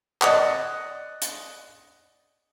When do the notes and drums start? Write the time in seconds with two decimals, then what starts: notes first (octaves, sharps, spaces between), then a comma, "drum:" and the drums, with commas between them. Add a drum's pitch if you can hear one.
0.22 D5 D#5 F#5, drum: clap
1.22 drum: hi-hat